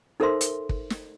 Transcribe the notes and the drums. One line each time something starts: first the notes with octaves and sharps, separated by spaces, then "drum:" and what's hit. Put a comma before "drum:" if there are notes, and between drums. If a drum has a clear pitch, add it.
D#4 A4 A#4 C5 E5 C6
drum: hi-hat
drum: kick
drum: snare